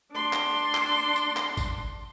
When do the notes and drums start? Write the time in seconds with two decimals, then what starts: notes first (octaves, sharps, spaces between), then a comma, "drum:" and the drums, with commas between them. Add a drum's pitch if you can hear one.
0.12 D4 C6
0.33 drum: clap
0.74 drum: clap
1.16 drum: tambourine
1.37 drum: clap
1.57 drum: kick, tambourine